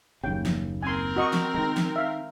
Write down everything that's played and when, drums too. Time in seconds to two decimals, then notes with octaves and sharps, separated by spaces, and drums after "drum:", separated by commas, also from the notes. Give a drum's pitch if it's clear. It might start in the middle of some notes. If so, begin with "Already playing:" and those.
0.24 F#1 D#2 C#3 G5
0.45 drum: snare
0.83 C4 A#4 G#5 C6
1.16 F#4 D#5 C#6
1.33 drum: snare
1.54 D#3 G#3 A#5
1.77 drum: snare
1.96 E5 F5